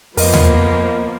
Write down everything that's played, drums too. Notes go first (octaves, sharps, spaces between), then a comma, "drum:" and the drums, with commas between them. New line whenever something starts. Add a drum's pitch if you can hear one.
F2 F3 A#3 B3 A#4 D#5, drum: open hi-hat
drum: tom D#2